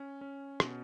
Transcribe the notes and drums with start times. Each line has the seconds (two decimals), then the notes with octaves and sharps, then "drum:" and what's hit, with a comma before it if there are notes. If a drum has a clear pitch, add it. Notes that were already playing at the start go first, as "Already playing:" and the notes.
Already playing: C#4
0.21 C#4
0.60 B2, drum: rim click